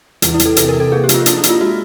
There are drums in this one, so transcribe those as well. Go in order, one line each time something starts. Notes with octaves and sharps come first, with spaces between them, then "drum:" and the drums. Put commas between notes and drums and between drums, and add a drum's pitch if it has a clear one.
E2, drum: hi-hat
E4
E2, drum: hi-hat
A4
C3 B4, drum: hi-hat
A#4
C3
A4
A#3 G#4
G4
F3, drum: hi-hat
F4
D4 E4, drum: hi-hat
E4
A#3, drum: hi-hat
F4
G#3 F#4